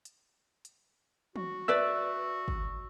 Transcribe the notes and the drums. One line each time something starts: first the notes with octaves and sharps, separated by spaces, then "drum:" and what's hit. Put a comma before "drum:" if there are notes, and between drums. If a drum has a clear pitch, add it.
drum: hi-hat
drum: hi-hat
F#4, drum: tom
B4 D5 E5 E6
drum: kick